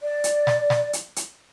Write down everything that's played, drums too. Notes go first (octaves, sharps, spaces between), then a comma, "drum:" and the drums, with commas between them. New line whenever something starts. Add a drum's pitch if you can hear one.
D5
drum: hi-hat
drum: snare
drum: snare
drum: hi-hat
drum: hi-hat